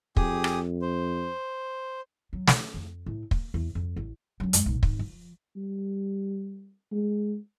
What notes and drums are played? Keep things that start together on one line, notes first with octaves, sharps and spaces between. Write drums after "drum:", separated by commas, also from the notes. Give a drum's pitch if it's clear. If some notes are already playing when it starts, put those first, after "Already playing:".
F2 G4 G#4 D#6, drum: kick
drum: rim click
C5
F#3
C#4, drum: snare
F2
A2
A#3, drum: kick
E2
F2
A1
F#3 C#4
F#2 G#3, drum: hi-hat
B1 A#2
G#1, drum: kick
F3
G3
G#3